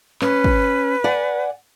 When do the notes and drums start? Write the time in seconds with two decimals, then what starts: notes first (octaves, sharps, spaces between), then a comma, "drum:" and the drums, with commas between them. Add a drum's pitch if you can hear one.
0.22 C#4 B4, drum: clap
0.44 drum: kick
1.04 D5 F#5 G#5